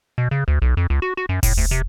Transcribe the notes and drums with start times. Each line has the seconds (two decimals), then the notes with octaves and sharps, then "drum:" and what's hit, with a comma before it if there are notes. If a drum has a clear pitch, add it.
0.18 B2
0.31 C#3
0.48 D2
0.62 B1
0.77 F2
0.90 C#2
1.02 F#4
1.17 F#4
1.29 F#2
1.43 A2, drum: kick E1, open hi-hat
1.58 D2
1.71 C3